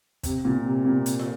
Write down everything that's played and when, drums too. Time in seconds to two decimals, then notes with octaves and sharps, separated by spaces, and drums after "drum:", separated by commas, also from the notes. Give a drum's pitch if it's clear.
0.23 C3, drum: kick, hi-hat
0.45 A#2
0.65 C3
0.85 A#2
1.06 drum: hi-hat
1.19 drum: snare